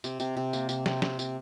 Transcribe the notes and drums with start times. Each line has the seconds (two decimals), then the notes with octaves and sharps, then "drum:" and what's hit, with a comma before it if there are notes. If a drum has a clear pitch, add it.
0.04 C3, drum: tambourine
0.20 C3, drum: tambourine
0.37 C3
0.53 A#3, drum: tambourine
0.69 C3, drum: tambourine
0.86 C3, drum: snare
1.02 C3, drum: snare
1.19 C3, drum: tambourine